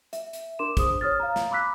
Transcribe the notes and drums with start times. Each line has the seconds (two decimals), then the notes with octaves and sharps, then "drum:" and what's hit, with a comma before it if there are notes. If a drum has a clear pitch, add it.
0.13 E5, drum: hi-hat
0.33 drum: hi-hat
0.59 D4 A#4 C6 D6 E7
0.77 G#4 C5 D#6, drum: kick, hi-hat
1.01 C#5 D#6 F6 A6
1.20 F5 A#5
1.36 drum: snare
1.51 B5 D6 E6 F#6 B6